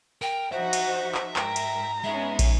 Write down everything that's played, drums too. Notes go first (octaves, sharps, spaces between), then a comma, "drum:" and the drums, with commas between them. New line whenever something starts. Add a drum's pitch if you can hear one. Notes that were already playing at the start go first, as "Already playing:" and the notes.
A#4 G5
F3 D#4 F#4 C5 E5 F#5
drum: cymbal
C5
drum: clap
G#2 A#4 G5 A#5, drum: clap
drum: cymbal
G#3 B3 C#4 D#4 E5
drum: kick, cymbal